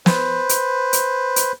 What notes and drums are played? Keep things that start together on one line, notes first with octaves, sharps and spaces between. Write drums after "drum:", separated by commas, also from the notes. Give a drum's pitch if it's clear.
B4 C5, drum: snare
drum: hi-hat
drum: hi-hat
drum: hi-hat